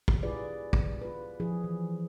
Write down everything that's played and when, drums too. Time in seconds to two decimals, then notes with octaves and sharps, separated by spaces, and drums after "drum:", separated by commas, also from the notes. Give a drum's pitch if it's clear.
0.08 drum: kick
0.23 E4 F4 G4 G#4 B4 D5
0.73 drum: kick
1.02 F4 B4
1.40 F3 E4 G#4
1.64 E3